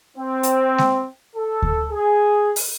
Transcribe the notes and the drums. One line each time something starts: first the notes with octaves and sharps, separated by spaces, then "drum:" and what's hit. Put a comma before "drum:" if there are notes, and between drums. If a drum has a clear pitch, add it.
C4
drum: hi-hat
drum: snare G#3
A4
drum: kick D2
G#4
drum: open hi-hat